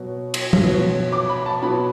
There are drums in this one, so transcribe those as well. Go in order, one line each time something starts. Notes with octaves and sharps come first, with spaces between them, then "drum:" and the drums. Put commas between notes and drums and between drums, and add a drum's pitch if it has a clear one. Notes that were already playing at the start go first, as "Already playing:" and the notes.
Already playing: B2 F#3
drum: cymbal
drum: tom
B2 F#3
D6
B5
A5
B2 F#3 B5